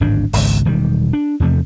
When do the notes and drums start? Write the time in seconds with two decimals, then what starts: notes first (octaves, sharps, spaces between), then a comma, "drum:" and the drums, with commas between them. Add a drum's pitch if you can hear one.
0.01 D1 G#1 G#2 D4
0.33 G#1 C#2, drum: open hi-hat
0.65 E1 D#3 G3
1.13 D4
1.40 E2 C3 F3 A3